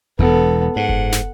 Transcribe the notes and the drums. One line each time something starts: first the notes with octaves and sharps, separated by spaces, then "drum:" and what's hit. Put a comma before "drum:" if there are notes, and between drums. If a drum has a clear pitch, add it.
E1 E2 B3 A4, drum: tom E2
G#2 F#5
drum: kick F#1
drum: snare